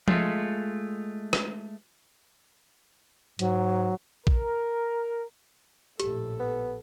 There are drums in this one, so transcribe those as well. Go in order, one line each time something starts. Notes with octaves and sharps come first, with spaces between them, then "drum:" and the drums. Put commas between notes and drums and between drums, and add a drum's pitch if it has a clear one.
G#3 A3 F4, drum: tom F3
drum: rim click
G#2 F#3, drum: hi-hat
A#4, drum: kick A#1
A#1 A2 G4 A4, drum: hi-hat
B3